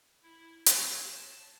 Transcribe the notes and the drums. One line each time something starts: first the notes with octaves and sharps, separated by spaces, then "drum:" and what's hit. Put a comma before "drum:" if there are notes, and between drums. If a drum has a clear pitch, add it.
E4
C#5, drum: hi-hat
A5